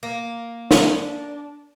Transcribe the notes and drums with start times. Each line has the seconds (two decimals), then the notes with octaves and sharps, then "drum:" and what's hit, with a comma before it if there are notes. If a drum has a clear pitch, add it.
0.03 A#3
0.71 D4, drum: snare